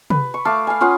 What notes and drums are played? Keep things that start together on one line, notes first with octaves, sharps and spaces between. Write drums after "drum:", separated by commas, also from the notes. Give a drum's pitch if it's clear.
B4, drum: tom
C#6
A3 F5 A5 D6
F5 G#5
C#4 F4 F#5 D#6